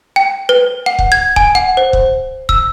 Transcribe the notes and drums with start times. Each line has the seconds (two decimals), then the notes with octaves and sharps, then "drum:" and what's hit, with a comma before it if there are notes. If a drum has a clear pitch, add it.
0.16 G5
0.49 B4
0.86 F#5
0.99 drum: kick
1.12 G#6
1.36 G#5, drum: kick
1.55 F#5
1.77 C5
1.93 drum: kick
2.49 E6, drum: kick